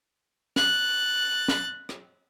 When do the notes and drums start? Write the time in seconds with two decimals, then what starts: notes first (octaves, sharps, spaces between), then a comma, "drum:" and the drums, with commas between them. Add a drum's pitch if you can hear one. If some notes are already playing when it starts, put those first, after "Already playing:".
0.56 F#6 A6, drum: snare
1.48 drum: snare
1.89 drum: rim click